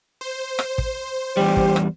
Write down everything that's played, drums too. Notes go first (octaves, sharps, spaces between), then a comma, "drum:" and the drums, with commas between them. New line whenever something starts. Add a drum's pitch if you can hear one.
C5
drum: rim click
drum: kick
E2 G3 G4
drum: kick
drum: rim click